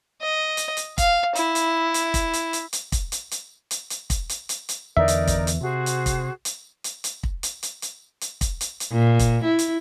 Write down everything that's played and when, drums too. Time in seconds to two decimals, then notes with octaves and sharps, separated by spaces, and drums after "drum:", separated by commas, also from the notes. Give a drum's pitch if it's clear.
0.22 D#5
0.57 drum: hi-hat
0.77 drum: hi-hat
0.98 F5, drum: kick, hi-hat
1.35 E4, drum: hi-hat
1.55 drum: hi-hat
1.94 drum: hi-hat
2.14 drum: kick, hi-hat
2.33 drum: hi-hat
2.53 drum: hi-hat
2.73 drum: hi-hat
2.92 drum: kick, hi-hat
3.12 drum: hi-hat
3.31 drum: hi-hat
3.71 drum: hi-hat
3.90 drum: hi-hat
4.10 drum: kick, hi-hat
4.29 drum: hi-hat
4.49 drum: hi-hat
4.69 drum: hi-hat
4.97 E2 D3 E3 D#4 A#4 D5 E5
5.08 drum: hi-hat
5.27 drum: kick, hi-hat
5.47 drum: hi-hat
5.61 C3 F#4 G#4 C5
5.86 drum: hi-hat
6.06 drum: kick, hi-hat
6.45 drum: hi-hat
6.84 drum: hi-hat
7.04 drum: hi-hat
7.23 drum: kick
7.43 drum: hi-hat
7.63 drum: hi-hat
7.82 drum: hi-hat
8.21 drum: hi-hat
8.41 drum: kick, hi-hat
8.61 drum: hi-hat
8.80 drum: hi-hat
8.93 A#2
9.19 drum: kick, hi-hat
9.44 E4
9.59 drum: hi-hat